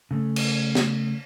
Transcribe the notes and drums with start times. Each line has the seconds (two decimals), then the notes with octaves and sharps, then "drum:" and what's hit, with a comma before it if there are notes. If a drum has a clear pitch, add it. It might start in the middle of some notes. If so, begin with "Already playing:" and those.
0.11 C#3 A3
0.36 drum: cymbal
0.75 drum: snare